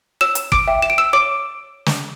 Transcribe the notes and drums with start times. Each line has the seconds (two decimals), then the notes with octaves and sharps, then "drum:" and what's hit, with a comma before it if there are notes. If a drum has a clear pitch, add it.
0.21 C#5 E6 E7
0.35 drum: hi-hat
0.52 D6 D7, drum: kick
0.68 E5 G5
0.82 E7
0.90 D7
0.98 E6 E7
1.13 C#5 D6 D7
1.86 drum: snare